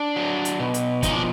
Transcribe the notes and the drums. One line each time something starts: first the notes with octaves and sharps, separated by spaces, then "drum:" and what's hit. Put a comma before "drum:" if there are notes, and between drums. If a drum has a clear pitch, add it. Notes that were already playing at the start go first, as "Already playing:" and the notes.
Already playing: D4
F#3
drum: hi-hat
B2
drum: hi-hat
F3 D#4, drum: kick, hi-hat
D4